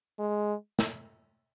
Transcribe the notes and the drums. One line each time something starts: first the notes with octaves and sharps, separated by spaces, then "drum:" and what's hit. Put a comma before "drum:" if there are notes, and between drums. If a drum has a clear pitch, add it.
G#3
drum: snare